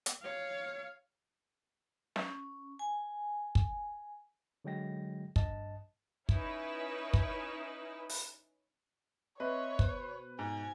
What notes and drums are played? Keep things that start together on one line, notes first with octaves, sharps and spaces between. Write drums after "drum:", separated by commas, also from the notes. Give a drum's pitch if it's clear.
drum: hi-hat
C#5 F5
C#4, drum: snare
G#5
drum: kick
D3 F#3 G#3 G5 A#6
A#1 G2 D#5 A5, drum: kick
C#4 D#4 E4 B4, drum: kick
drum: kick
drum: open hi-hat
C4 B4 C#5 D#5 E5 C6
B2 C5, drum: kick
G#2 G#5